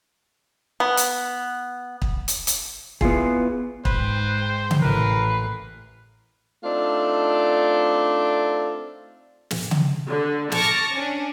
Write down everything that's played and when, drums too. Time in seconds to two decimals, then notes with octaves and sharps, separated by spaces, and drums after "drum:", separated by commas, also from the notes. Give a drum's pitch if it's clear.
0.80 B3
0.97 drum: hi-hat
2.02 drum: kick
2.28 drum: hi-hat
2.47 drum: hi-hat
3.01 B3 E4 F4 G#4, drum: kick
3.85 G#2 B4 C5 G5, drum: kick
4.71 drum: tom C#3
4.82 A1 A#4 B4 C7
6.63 A3 C4 D4 D#4 F4
9.51 drum: snare
9.71 drum: tom C#3
10.07 D3
10.52 A5 C#6 D6 F6 A#6, drum: snare
10.93 C#4 D4